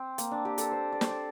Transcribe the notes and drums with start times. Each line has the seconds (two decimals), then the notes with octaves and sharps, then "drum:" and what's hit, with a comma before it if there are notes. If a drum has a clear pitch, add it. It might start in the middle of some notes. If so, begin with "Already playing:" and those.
Already playing: C4
0.18 A#3, drum: hi-hat
0.31 D4
0.45 G4
0.58 A4, drum: hi-hat
0.71 C5
0.92 D5
1.01 C5, drum: snare
1.09 D5